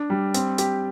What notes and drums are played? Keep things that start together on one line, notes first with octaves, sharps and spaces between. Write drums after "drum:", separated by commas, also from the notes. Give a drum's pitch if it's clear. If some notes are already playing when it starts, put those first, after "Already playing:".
Already playing: D4
G3
C4, drum: hi-hat
G4, drum: hi-hat